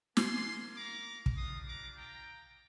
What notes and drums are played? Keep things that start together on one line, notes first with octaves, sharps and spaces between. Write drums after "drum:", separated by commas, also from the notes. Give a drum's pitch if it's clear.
A#3 F4 G#5 C6, drum: snare
A#5 D6
drum: kick
G3 D4 F4 C6 D#6
A#5 D6
G5 A#5